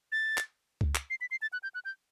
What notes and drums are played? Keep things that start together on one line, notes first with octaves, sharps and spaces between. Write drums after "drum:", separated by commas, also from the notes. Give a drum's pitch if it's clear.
A6
drum: clap
drum: kick C#2
drum: clap
C7
B6
C7
A6
F#6
G6
F#6
G6